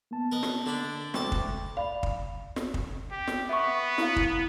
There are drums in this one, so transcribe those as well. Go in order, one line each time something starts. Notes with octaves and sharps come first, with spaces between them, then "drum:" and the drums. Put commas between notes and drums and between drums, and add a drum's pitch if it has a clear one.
A#3 B3 A5
A#4 B4 D#5
drum: snare
D3 D4 B5
D2 G#3 G5 A5 D6, drum: snare
drum: kick
D5 F5 B5
drum: kick
drum: snare
drum: kick
G4
drum: snare
B3 E5 C#6
E4 F5, drum: snare
drum: kick